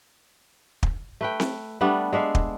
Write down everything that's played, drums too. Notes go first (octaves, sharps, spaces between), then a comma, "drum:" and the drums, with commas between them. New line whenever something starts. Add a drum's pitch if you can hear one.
drum: kick
A3 B4 G5
drum: snare C4
G3 A3 B3 D4
G#3 D4 E5 F5
drum: kick